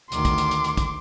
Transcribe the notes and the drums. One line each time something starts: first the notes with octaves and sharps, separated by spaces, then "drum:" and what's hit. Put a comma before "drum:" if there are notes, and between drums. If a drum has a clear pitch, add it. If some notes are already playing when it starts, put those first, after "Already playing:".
D2 D#3 C6 D6, drum: hi-hat
drum: kick, hi-hat
drum: hi-hat
drum: hi-hat
drum: hi-hat
drum: kick, hi-hat